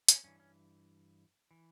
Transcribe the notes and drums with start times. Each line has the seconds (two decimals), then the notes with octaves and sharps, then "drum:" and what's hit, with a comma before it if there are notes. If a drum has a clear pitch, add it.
0.08 C#4, drum: hi-hat
0.24 G2 E3 C#4
0.40 C#4
1.51 E3